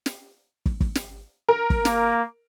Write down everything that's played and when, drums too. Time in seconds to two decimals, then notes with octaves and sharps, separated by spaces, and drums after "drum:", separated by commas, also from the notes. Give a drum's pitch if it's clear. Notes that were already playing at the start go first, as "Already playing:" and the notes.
0.06 drum: snare
0.66 drum: kick
0.80 drum: kick
0.95 drum: snare
1.49 A#4
1.70 drum: kick
1.85 A#3, drum: snare